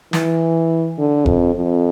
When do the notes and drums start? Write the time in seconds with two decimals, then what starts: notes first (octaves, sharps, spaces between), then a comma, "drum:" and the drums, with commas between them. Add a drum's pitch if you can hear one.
0.13 E3, drum: snare
0.98 D3
1.26 F2, drum: kick F1
1.55 F2